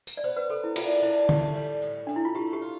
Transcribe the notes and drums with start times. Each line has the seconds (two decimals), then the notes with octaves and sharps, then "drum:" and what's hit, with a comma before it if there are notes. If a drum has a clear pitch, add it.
0.07 drum: tambourine
0.17 D5
0.24 B3 C5
0.36 B4
0.49 B3 A4
0.64 E4
0.76 D4 F4, drum: cymbal
1.02 D4 E4
1.29 A2 G4, drum: tom D3
1.56 G3
1.82 A2
2.07 A2 D4
2.16 E4
2.25 F4
2.34 A3 G4
2.53 G4
2.62 F4